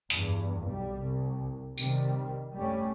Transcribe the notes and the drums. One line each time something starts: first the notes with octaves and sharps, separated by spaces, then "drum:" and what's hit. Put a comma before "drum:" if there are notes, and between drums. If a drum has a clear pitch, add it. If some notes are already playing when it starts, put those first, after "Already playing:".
E2 G2, drum: open hi-hat
B1 G3
C2
C3 D#3 G3 C4, drum: tambourine
G3 A3 C#4